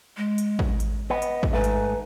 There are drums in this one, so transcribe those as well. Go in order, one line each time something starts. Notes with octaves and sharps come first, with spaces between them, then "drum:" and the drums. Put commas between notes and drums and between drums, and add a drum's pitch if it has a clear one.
G#3
drum: hi-hat
drum: kick
drum: hi-hat
B3 D#5
drum: hi-hat
drum: kick
G#2 A3 B4
drum: hi-hat